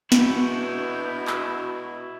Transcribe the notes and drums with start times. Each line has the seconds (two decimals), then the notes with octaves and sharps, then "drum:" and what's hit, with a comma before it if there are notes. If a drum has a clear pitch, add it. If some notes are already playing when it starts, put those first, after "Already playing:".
0.12 B2 D4 E4 F#4 B4 G6, drum: snare
1.27 drum: clap